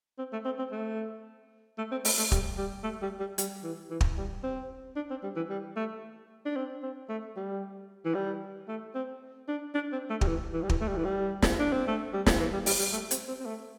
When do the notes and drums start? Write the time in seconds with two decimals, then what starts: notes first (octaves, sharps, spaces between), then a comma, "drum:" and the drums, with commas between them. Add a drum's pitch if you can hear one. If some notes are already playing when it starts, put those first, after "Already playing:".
0.18 C4
0.33 A3
0.45 C4
0.59 C4
0.72 A3
1.78 A3
1.92 C4
2.05 A3, drum: open hi-hat
2.18 A3
2.32 G3, drum: kick
2.58 G3
2.84 A3
3.02 G3
3.20 G3
3.38 G3, drum: hi-hat
3.64 E3
3.90 E3
4.01 drum: kick
4.17 G3
4.44 C4
4.96 D4
5.11 C4
5.23 G3
5.36 E3
5.50 G3
5.76 A3
6.46 D4
6.57 C4
6.83 C4
7.09 A3
7.36 G3
8.05 E3
8.15 G3
8.68 A3
8.95 C4
9.48 D4
9.75 D4
9.92 C4
10.10 A3
10.21 G3, drum: kick
10.27 E3
10.53 E3
10.62 G3
10.69 E3, drum: kick
10.81 A3
10.88 G3
10.96 E3
11.04 G3
11.42 drum: snare
11.59 D4
11.72 C4
11.87 A3
12.13 G3
12.26 drum: snare
12.40 E3
12.53 G3
12.66 G3, drum: open hi-hat
12.79 G3
12.92 A3
13.11 C4, drum: hi-hat
13.28 C4
13.40 C4
13.46 A3